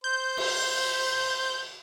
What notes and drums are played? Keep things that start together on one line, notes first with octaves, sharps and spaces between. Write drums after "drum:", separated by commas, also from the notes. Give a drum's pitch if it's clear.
C5 G6
drum: cymbal